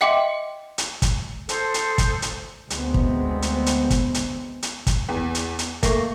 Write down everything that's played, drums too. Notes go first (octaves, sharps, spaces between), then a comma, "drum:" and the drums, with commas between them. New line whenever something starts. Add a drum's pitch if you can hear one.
D#5 E5 F#5 G5 C6 D6
drum: hi-hat
drum: kick, hi-hat
A4 C5 D#6, drum: hi-hat
drum: hi-hat
drum: kick, hi-hat
drum: hi-hat
D2 G#3 B3 C4, drum: hi-hat
drum: kick
drum: hi-hat
drum: hi-hat
drum: kick, hi-hat
drum: hi-hat
drum: hi-hat
drum: kick, hi-hat
E2
drum: hi-hat
drum: hi-hat
A3 A#3 C#6, drum: kick, hi-hat